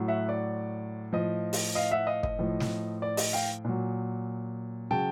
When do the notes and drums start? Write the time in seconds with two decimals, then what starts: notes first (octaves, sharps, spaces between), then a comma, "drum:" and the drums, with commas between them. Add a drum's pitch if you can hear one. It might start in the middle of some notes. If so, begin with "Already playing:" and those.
Already playing: A2 F#3
0.08 E5 F#5
0.29 D5
1.13 A2 F3 D#5
1.53 drum: open hi-hat
1.75 D#5 F5
1.91 E5 F#5
2.07 D#5 F5
2.23 D#5, drum: kick
2.39 A2 F3
2.60 drum: snare
3.02 D5
3.17 D#5, drum: open hi-hat
3.33 F5 G5
3.65 A#2 F#3
4.91 C#3 F#3 G5 A5